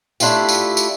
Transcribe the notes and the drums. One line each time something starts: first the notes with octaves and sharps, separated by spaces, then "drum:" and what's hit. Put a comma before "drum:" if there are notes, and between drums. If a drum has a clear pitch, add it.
A3 D4 E4 F4 G4, drum: tambourine
drum: tambourine
drum: tambourine